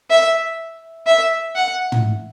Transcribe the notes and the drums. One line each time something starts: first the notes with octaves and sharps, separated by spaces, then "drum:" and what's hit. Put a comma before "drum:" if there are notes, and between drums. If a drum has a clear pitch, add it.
E5
E5
F#5
drum: tom